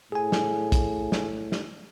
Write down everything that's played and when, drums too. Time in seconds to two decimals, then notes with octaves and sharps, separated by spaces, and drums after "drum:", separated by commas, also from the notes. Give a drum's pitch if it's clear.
0.12 A2 G#4 G#5
0.32 drum: snare
0.72 drum: kick, hi-hat
1.12 drum: snare
1.52 drum: snare